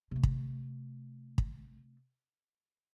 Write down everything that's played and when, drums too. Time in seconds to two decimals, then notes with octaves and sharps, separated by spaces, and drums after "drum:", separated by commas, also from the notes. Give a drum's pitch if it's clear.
0.11 C3 A3
0.23 drum: kick
1.38 drum: kick